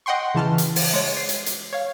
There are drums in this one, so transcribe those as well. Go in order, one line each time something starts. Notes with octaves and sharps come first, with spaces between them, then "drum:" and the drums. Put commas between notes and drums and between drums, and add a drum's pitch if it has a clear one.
D#5 F#5 G5 C6 C#6
C#3 E3 A5 F6
drum: hi-hat
drum: open hi-hat
G#3 C#5
C7
drum: hi-hat
drum: hi-hat
C#5 F5